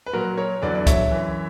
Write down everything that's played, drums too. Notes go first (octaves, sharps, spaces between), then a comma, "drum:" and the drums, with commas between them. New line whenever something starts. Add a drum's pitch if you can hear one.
B4
A#2 F#3 F#4 A#4
A#4 C#5
E2 D3 F#3 B4 D5
D5
C#5 E5, drum: kick C#2, hi-hat
F#2 E3